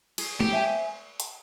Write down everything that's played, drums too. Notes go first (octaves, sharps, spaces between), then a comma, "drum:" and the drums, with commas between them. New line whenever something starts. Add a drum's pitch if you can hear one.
G#4, drum: cymbal
G4, drum: tom G#3
C5 E5 G#5
drum: hi-hat